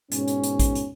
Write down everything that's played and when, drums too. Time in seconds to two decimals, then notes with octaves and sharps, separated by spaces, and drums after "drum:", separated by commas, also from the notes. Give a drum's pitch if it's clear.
0.12 G#2 B2 C#4, drum: hi-hat
0.28 drum: hi-hat
0.44 drum: hi-hat
0.59 drum: kick A1, hi-hat
0.75 drum: hi-hat